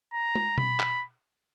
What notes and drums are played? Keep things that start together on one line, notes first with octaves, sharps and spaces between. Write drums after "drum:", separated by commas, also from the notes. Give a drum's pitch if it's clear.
A#5
drum: tom
B5, drum: tom B2
drum: clap